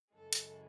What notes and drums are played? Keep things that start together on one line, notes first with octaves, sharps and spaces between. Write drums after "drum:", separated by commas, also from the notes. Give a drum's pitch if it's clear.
F#2 C#3 E3 G#3 A4
drum: hi-hat